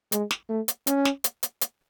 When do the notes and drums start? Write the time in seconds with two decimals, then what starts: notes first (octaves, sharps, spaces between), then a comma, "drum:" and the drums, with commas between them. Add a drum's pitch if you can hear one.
0.12 G#3, drum: hi-hat
0.31 drum: snare
0.49 A3
0.68 drum: hi-hat
0.87 C#4, drum: hi-hat
1.05 drum: snare
1.24 drum: hi-hat
1.43 drum: hi-hat
1.61 drum: hi-hat